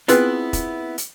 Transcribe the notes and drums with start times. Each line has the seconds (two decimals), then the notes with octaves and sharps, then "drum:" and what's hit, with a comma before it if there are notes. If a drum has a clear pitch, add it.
0.08 B3 C4 E4 F4 G#4 B4, drum: hi-hat
0.53 drum: kick, hi-hat
0.98 drum: hi-hat